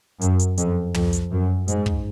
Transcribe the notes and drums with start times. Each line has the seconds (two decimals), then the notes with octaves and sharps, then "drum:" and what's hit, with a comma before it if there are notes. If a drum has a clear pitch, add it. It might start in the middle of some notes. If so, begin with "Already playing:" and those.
0.21 F#2, drum: hi-hat
0.39 drum: hi-hat
0.57 F2, drum: hi-hat
0.94 F2, drum: tom
1.13 drum: hi-hat
1.31 F#2
1.68 G#2, drum: hi-hat
1.86 drum: kick